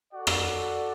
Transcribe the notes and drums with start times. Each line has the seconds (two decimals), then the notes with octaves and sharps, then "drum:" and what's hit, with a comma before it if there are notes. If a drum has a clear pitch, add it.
0.14 F#4 A4 D5 F#5
0.27 drum: rim click